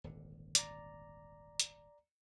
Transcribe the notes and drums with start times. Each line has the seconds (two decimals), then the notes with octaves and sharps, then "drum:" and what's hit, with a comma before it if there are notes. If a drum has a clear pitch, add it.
0.04 D#1 G#1 D3
0.55 D5 A#5, drum: hi-hat
1.60 drum: hi-hat